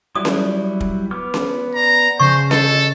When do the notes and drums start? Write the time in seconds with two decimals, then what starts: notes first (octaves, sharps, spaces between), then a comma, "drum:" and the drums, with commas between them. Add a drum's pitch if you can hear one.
0.15 F#3 G3 E4 D#6
0.25 drum: snare C#4
0.80 drum: kick
1.11 B3 D6 F6
1.34 drum: snare C#4
1.75 D5 A#5
2.20 C#3 F3 G#4 C5 C#6
2.51 A4 D#5, drum: snare C#4